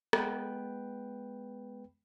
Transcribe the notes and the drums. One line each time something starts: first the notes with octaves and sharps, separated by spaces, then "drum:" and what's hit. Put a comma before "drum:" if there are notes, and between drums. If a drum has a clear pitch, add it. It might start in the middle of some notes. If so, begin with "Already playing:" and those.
G#3 B3 B4 G5, drum: rim click